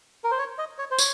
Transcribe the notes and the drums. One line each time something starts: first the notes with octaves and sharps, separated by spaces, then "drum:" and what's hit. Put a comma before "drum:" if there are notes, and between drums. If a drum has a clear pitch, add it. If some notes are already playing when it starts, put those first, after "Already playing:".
A#4
C5
C#5
D#5
C#5
C5
C#5, drum: tambourine